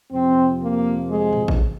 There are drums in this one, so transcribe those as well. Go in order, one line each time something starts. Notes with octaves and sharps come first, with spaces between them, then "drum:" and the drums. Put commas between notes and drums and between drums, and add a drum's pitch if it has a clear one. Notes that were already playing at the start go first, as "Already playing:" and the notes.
F2 C3 F3 C4
A#3
G#3
drum: tom G#2
drum: kick A1